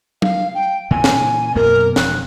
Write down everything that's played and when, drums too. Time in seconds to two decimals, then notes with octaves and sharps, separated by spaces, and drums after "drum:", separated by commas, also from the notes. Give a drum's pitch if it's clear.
0.22 F5, drum: tom
0.55 G5
0.91 A#2 C#3 E3 G#5
1.04 drum: snare
1.55 F#2 B2 A#3 A#4
1.96 E1 F2 F#6, drum: snare